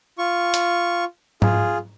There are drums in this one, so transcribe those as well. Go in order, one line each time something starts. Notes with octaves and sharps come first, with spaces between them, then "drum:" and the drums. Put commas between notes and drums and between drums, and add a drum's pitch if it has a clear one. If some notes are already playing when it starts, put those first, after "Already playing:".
F4 C#6
drum: hi-hat
F4 G#4, drum: tom G#2